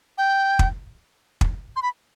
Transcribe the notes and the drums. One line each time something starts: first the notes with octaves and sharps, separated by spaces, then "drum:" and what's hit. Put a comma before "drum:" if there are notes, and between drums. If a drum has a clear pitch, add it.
G5
drum: kick
drum: kick
C6
B5